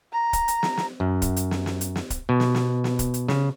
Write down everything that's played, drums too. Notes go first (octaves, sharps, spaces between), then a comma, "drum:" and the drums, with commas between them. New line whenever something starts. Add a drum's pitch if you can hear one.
A#5
drum: kick, hi-hat
drum: hi-hat
drum: snare
drum: snare
F#2
drum: kick, hi-hat
drum: hi-hat
drum: snare
drum: snare
drum: hi-hat
drum: snare
drum: kick, hi-hat
B2
drum: snare
drum: snare
drum: snare
drum: kick, hi-hat
drum: hi-hat
C#3, drum: snare